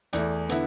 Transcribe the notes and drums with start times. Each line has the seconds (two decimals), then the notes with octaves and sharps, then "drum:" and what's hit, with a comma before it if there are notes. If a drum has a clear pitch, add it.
0.13 E2 E3 A3 E4 D5, drum: hi-hat
0.49 D3 B3 E4, drum: hi-hat